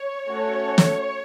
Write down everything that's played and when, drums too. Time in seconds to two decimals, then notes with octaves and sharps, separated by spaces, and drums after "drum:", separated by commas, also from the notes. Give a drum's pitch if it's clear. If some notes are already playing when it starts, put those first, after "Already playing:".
Already playing: C#5
0.28 A3 C#4 F#4 A4
0.78 drum: snare